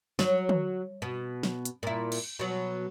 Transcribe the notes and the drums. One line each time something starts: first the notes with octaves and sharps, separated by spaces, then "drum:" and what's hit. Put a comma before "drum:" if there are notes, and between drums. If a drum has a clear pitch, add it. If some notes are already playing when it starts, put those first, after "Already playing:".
F#3, drum: snare
drum: tom
B2
drum: snare
drum: hi-hat
A#2 E4
drum: cymbal
B2 F#3